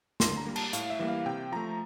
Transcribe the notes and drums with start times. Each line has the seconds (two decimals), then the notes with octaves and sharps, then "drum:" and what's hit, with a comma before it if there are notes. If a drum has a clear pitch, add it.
0.20 D3 C6, drum: snare
0.37 A#5
0.46 G3 A#3
0.56 A5, drum: cymbal
0.73 A2 F5, drum: hi-hat
0.90 E5
0.99 E3 G3 A#3
1.08 F5
1.26 C3 G5
1.52 F3 A3 A#5